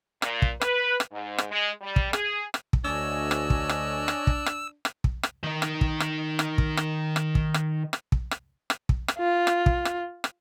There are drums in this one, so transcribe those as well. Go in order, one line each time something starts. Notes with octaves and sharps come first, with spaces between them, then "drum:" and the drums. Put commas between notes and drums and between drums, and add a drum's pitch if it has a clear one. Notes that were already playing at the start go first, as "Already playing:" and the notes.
A#2, drum: rim click
drum: kick
B4, drum: rim click
drum: rim click
G#2
drum: rim click
G#3
G3
drum: kick
G#4, drum: rim click
drum: rim click
drum: kick
D2 D4 C#5 D#5 G#5 E6
drum: rim click
drum: kick
drum: rim click
drum: rim click
drum: kick
drum: rim click
drum: rim click
drum: kick
drum: rim click
D#3 D#4
drum: rim click
drum: kick
drum: rim click
drum: rim click
drum: kick
drum: rim click
drum: rim click
drum: kick
drum: rim click
drum: rim click
drum: kick
drum: rim click
drum: rim click
drum: kick
drum: rim click
F4
drum: rim click
drum: kick
drum: rim click
drum: rim click